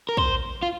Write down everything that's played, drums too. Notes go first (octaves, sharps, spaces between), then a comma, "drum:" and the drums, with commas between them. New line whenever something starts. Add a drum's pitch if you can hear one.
A#4
C5, drum: kick
F4